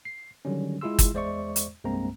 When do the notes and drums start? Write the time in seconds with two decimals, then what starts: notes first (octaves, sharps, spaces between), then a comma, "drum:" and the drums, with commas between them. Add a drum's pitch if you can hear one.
0.05 C7
0.45 D3 D#3 F#3 G3 C#4
0.81 G#3 E4 F4 G#4 C6 E6
0.99 drum: kick, hi-hat
1.13 E2 G#3 C5 D5 E5 C#6
1.56 drum: hi-hat
1.84 C2 G2 G#3 A#3 C4 A#5